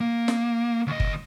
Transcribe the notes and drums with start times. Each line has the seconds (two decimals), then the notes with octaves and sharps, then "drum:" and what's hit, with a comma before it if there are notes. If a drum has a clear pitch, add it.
0.01 A#3
0.28 drum: snare
0.87 D2 D#5
1.00 drum: kick G1